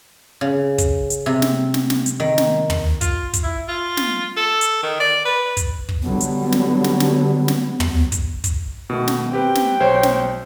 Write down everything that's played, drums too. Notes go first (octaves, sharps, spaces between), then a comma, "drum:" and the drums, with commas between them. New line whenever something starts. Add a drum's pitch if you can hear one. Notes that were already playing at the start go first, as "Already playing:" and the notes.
C#3
drum: kick, hi-hat
drum: hi-hat
C3
drum: snare
drum: snare
drum: snare
drum: hi-hat
D#3
drum: snare
drum: tom
F4, drum: kick, hi-hat
drum: kick, hi-hat
E4
F4
drum: snare
A4
drum: hi-hat
D#3
D5
B4
drum: kick, hi-hat
drum: kick
D3 F#3 G3 B3
drum: hi-hat
drum: snare
drum: snare
drum: snare
drum: snare
drum: tom
drum: kick, hi-hat
drum: kick, hi-hat
B2 D#3 A3
drum: snare
C4 G4 B4 G5
drum: snare
B1 C5 C#5
drum: snare